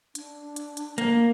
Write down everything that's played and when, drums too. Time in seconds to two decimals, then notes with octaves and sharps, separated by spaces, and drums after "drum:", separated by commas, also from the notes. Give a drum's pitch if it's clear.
0.15 D4, drum: hi-hat
0.56 drum: hi-hat
0.77 drum: hi-hat
0.98 A#3, drum: hi-hat